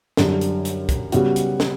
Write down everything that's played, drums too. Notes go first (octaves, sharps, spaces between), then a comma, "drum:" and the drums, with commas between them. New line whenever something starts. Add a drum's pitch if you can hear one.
F#2 D3 G3, drum: snare
drum: hi-hat
drum: hi-hat
drum: kick, hi-hat
C#3 G3 B3 F#4, drum: hi-hat
drum: hi-hat
drum: snare